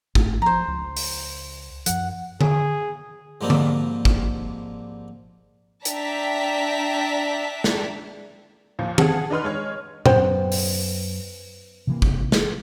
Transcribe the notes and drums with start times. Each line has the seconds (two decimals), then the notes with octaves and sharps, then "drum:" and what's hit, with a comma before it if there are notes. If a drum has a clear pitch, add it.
0.15 G#2 A3, drum: kick
0.42 F3 C5 A#5
0.68 C#2
0.97 drum: open hi-hat
1.86 F#2 F3 F#5, drum: hi-hat
2.41 G#4, drum: tom D3
3.41 G#2 F3 G3 A#3 C4 D4
3.50 drum: tom D3
4.05 drum: kick
5.85 D4 E5 G5 A5 A#5 B6, drum: hi-hat
7.64 drum: snare
8.79 D#2 A#2 F3
8.98 G#4 F#5 A5, drum: tom D#3
9.30 D4 D#4 B4 C6 F6
9.44 G#3 C#5 F6
10.06 F#2 B3 C5 G5, drum: tom A#2
10.52 drum: open hi-hat
11.87 C3 E3 A#3
12.02 drum: kick
12.32 drum: snare